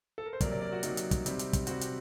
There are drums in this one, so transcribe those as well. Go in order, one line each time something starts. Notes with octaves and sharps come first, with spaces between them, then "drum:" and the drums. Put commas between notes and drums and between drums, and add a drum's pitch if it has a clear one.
A4
A#4
C5
C3 F#3 A#3 A#4 D5, drum: kick, hi-hat
A#4 D5
A#4 D5
F#4
C3 F#3 A#3 D#4, drum: hi-hat
drum: hi-hat
drum: kick, hi-hat
C3 G3 C4, drum: hi-hat
drum: hi-hat
drum: kick, hi-hat
C3 G3 C4 F#4, drum: hi-hat
drum: hi-hat